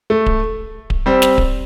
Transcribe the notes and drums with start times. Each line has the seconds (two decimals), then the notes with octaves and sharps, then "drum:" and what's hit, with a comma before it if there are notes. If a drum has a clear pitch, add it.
0.10 A3
0.26 drum: kick D1
0.90 drum: kick D1
1.06 G3 C4
1.22 drum: snare
1.38 drum: kick D1